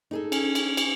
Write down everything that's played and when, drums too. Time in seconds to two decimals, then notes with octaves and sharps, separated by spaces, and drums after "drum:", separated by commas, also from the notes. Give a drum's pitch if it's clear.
0.11 D#4 G#4 A4
0.32 C#4, drum: cymbal
0.55 drum: cymbal
0.77 drum: cymbal